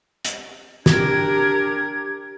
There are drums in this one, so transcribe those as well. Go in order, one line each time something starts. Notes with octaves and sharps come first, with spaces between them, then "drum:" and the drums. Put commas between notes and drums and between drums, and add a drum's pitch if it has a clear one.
drum: hi-hat
D4 G4 A#4 G#6, drum: snare